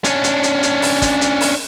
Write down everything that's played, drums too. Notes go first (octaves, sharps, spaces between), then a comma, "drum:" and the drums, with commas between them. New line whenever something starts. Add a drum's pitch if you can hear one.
C#4 D4, drum: hi-hat
drum: hi-hat
drum: hi-hat
drum: hi-hat
drum: open hi-hat
drum: kick, hi-hat
drum: hi-hat
drum: open hi-hat